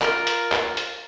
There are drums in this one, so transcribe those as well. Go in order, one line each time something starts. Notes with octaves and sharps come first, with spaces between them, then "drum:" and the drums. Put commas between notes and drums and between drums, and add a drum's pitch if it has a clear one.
F4 A#4, drum: clap
drum: hi-hat
drum: clap
drum: hi-hat